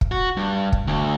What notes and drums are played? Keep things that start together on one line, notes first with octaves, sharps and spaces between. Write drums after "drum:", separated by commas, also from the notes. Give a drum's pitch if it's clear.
drum: kick
F#4
G2
drum: kick
D2